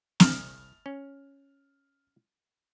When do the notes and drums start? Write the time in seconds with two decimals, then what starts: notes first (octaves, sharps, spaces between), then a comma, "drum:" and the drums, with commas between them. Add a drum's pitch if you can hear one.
0.20 C2 F6, drum: snare
0.86 C#4